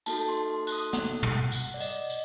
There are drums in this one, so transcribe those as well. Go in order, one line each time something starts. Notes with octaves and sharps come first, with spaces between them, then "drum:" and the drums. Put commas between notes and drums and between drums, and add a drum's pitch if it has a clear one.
A#3 D#4 F#4 A4 A5, drum: tambourine
C6
C6
F#6, drum: tambourine
D#6
F#5, drum: snare
drum: tom
F#5
drum: tambourine
D5
D#5, drum: tambourine
drum: tambourine